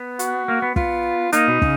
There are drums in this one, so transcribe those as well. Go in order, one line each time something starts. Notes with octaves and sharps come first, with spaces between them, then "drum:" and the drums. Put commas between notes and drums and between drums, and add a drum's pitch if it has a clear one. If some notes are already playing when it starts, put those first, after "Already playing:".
Already playing: B3
F#4, drum: hi-hat
A#3
B3
B3 F4, drum: kick
A#3 D#4, drum: hi-hat
B2
C#3, drum: kick